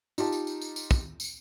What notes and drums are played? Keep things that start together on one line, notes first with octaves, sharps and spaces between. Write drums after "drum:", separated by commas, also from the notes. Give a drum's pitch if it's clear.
D#4 F4 G4 A5, drum: tambourine
drum: tambourine
drum: tambourine
drum: tambourine
drum: tambourine
drum: kick, tambourine
drum: tambourine